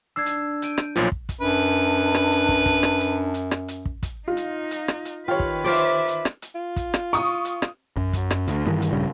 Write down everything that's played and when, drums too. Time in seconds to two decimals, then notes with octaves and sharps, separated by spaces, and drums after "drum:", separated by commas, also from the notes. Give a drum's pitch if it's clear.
0.16 D4 E6 G#6 C7
0.26 drum: hi-hat
0.62 G6 D7 D#7, drum: hi-hat
0.77 drum: rim click
0.96 B1 A#2 F3 F4 C#5 C6 A6, drum: hi-hat
1.12 drum: kick
1.29 drum: kick, hi-hat
1.41 F#2 D4 B4
2.14 drum: rim click
2.31 drum: hi-hat
2.49 drum: kick
2.66 drum: kick, hi-hat
2.83 drum: rim click
3.00 drum: hi-hat
3.34 drum: hi-hat
3.51 drum: rim click
3.68 drum: hi-hat
3.85 drum: kick
4.03 drum: kick, hi-hat
4.28 D#4 F4
4.37 drum: hi-hat
4.71 drum: hi-hat
4.88 drum: rim click
5.05 drum: hi-hat
5.28 D#3 F4 G4 B4 C#5
5.40 drum: kick
5.64 F4 C5 D5 E5 D6
5.74 drum: hi-hat
6.08 drum: hi-hat
6.25 drum: rim click
6.42 drum: hi-hat
6.55 F4
6.76 drum: kick, hi-hat
6.94 drum: rim click
7.13 C#6 D#6, drum: hi-hat
7.45 drum: hi-hat
7.62 drum: rim click
7.96 F#2, drum: kick
8.13 drum: kick, hi-hat
8.30 drum: rim click
8.48 D2, drum: hi-hat
8.67 G2 D#3 E3
8.82 drum: hi-hat
8.93 A#1 G2 C#3 G3